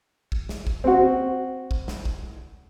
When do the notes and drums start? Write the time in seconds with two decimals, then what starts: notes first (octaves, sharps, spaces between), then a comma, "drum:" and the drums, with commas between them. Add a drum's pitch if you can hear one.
0.32 drum: kick
0.49 drum: snare
0.67 drum: kick
0.84 C4 F#4
1.71 drum: kick
1.88 drum: snare
2.05 drum: kick